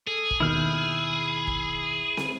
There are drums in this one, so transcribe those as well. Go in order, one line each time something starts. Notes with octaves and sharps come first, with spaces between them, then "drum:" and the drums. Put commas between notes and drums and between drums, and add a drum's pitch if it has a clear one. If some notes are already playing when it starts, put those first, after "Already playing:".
G#4 A4
drum: kick
D#2 B2 D#3 E4 F6 G6
drum: kick
drum: snare